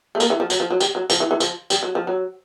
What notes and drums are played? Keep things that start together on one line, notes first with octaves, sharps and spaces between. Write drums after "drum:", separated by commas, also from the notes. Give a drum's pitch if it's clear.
A3
A#3, drum: tambourine
E3
F3
F#3, drum: tambourine
F3
F#3
G3, drum: tambourine
F#3
F3, drum: tambourine
E3
E3
F3, drum: tambourine
G3, drum: tambourine
F#3
F3
F#3